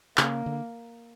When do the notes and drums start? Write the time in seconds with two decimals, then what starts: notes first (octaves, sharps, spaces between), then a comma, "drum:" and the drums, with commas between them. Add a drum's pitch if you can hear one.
0.17 C#3 A#3, drum: clap
0.46 D3